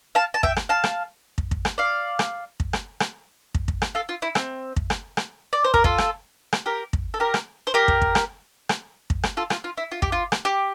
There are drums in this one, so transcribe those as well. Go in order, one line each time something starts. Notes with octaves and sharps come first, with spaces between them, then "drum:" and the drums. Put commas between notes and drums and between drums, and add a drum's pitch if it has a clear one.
F5 A5
A5
E5 G5, drum: kick
drum: rim click
F5 A5
drum: rim click
drum: kick
drum: kick
drum: rim click
D5 F5
drum: rim click
drum: kick
drum: rim click
drum: rim click
drum: kick
drum: kick
drum: rim click
F4 A4
F4
E4
C4, drum: rim click
drum: kick
drum: rim click
drum: rim click
D5
C5
A#4, drum: kick
F4 A4, drum: kick
drum: rim click
drum: rim click
G4 A#4
drum: kick
A4
G4 A#4
drum: rim click
C5
G4 A#4
drum: kick
drum: kick
drum: rim click
drum: rim click
drum: kick
drum: rim click
F4 A4
F4, drum: rim click
F4
E4
F4
G4, drum: kick
F4
drum: rim click
G4